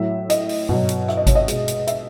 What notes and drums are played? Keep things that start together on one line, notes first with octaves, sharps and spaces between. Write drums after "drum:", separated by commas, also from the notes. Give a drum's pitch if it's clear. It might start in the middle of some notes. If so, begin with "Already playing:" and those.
Already playing: A2 F#3 E5
D#5, drum: hi-hat
drum: open hi-hat
B2 F#3, drum: tom G2
drum: hi-hat
E5, drum: rim click
D#5
C#5, drum: kick G#1, hi-hat
D#5
B2 G#3, drum: hi-hat
drum: hi-hat
E5, drum: hi-hat